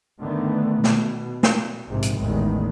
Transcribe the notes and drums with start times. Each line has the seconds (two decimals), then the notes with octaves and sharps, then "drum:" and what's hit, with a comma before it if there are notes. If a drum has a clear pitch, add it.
0.21 D3 D#3 A3 B3
0.84 B2, drum: snare
1.43 drum: snare
1.88 A#1 G#2 C3
2.02 drum: hi-hat
2.19 A1 E2 D#3 G#3 A3